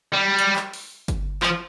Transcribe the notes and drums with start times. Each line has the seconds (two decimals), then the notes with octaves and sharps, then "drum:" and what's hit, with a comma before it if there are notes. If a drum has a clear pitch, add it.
0.13 G3
0.39 drum: hi-hat
0.56 drum: clap
0.73 drum: open hi-hat
1.08 drum: kick G1, hi-hat
1.43 F3, drum: clap